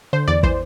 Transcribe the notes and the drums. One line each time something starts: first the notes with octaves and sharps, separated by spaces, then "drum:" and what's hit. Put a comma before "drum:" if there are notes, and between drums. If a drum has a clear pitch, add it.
D3 C5
E2 D5
E3 C5, drum: kick